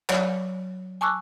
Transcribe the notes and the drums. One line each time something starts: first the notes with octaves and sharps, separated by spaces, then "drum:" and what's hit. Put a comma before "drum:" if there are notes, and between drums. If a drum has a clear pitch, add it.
F#3 C#5 D5, drum: clap
G#5 A5 C#6 D6 E6 F#6